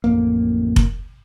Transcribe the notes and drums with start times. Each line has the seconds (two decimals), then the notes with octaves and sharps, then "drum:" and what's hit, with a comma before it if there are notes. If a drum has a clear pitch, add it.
0.04 A1 F2 A#3
0.76 drum: kick F1